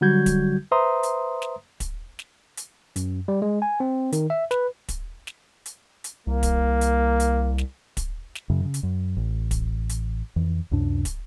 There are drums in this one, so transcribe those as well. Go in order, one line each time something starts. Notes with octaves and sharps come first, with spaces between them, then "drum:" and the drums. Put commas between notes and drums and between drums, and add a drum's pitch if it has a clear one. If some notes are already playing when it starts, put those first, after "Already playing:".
D3 F#3 G3 F#4 G6 G#6
drum: kick, hi-hat
B4 C5 E5 A#5 C6 D#6
drum: hi-hat
drum: snare
drum: kick, hi-hat
drum: snare
drum: hi-hat
F#2, drum: hi-hat
G3
G#3
G#5
C4
D#3, drum: hi-hat
E5
B4, drum: snare
drum: kick, hi-hat
drum: snare
drum: hi-hat
drum: hi-hat
C2 A#3
drum: kick, hi-hat
drum: hi-hat
drum: hi-hat
drum: snare
drum: kick, hi-hat
drum: snare
F#2 C#3
C#3
drum: hi-hat
F#2
A1
drum: kick, hi-hat
drum: hi-hat
F2 E3
C#2 F#2 C3 D4
drum: kick, hi-hat